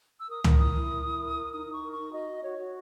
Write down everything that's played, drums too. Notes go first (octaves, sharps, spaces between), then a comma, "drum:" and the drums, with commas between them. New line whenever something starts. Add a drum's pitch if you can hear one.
E6
A#4 D#6
A#4, drum: tom
E4 D#6
E4
A#4
E4
A#4
A#4
D#4 D#6
D#4
C#6
A#4
C#6
D#4
F#4 D#5
F#4
F#4 C#5
F#4